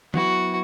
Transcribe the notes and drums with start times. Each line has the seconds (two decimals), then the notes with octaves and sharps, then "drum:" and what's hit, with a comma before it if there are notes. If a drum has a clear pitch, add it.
0.14 F#3 B3 E4 F#4 B4, drum: tom